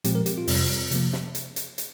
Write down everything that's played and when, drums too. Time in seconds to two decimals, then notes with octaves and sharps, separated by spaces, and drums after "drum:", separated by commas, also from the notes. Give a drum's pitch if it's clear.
0.04 A#2 F3 G#3 C4 G4, drum: hi-hat
0.15 A#4
0.26 G4, drum: hi-hat
0.38 F4
0.47 F2 C3 G3 C4, drum: open hi-hat
0.91 C3 F3 A#3, drum: hi-hat
1.13 drum: snare
1.35 drum: hi-hat
1.56 drum: hi-hat
1.78 drum: hi-hat